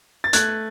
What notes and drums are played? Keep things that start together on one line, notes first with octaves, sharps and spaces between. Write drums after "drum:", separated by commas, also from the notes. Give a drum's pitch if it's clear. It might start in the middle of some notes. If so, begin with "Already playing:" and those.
A6
A3 F#6 G#6, drum: hi-hat